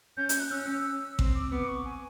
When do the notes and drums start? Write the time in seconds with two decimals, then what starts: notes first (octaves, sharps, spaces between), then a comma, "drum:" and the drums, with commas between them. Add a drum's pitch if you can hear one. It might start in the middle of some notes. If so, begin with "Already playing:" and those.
0.17 C#4 G6
0.29 G6, drum: hi-hat
0.40 F#6
0.51 C#4 E6
1.19 C4, drum: kick A1
1.35 D6
1.51 B3 D6
1.68 C#6
1.85 G#5